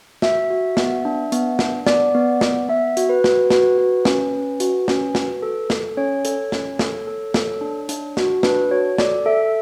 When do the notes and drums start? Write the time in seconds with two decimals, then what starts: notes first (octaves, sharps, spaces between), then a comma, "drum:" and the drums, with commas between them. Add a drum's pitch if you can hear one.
0.22 F#4 E5, drum: snare
0.50 F#4
0.77 B3, drum: snare
1.05 D4
1.32 B3, drum: hi-hat
1.59 D4, drum: snare
1.87 B3 D5, drum: snare
2.15 B3
2.41 B3, drum: snare
2.69 B3 E5
2.97 F#4, drum: hi-hat
3.09 B4
3.24 F#4, drum: snare
3.50 F#4 B4, drum: snare
3.78 F#4
4.05 C#4, drum: snare
4.33 C#4
4.60 F#4, drum: hi-hat
4.88 C#4, drum: snare
5.15 F#4, drum: snare
5.43 A4
5.70 A4, drum: snare
5.97 C#4 C#5
6.25 A4, drum: hi-hat
6.52 C#4, drum: snare
6.79 A4, drum: snare
7.07 A4
7.34 A4, drum: snare
7.61 D4
7.89 D4, drum: hi-hat
8.17 F#4, drum: snare
8.43 D4 B4, drum: snare
8.71 F#4 C#5
8.98 A4 D5, drum: snare
9.26 A4 E5